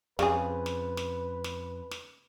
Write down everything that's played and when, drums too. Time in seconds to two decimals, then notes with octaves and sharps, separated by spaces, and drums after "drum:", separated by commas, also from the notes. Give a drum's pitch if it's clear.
0.19 F2 C#3 G#4 B4, drum: snare
0.66 drum: snare
0.97 drum: snare
1.44 drum: snare
1.91 drum: snare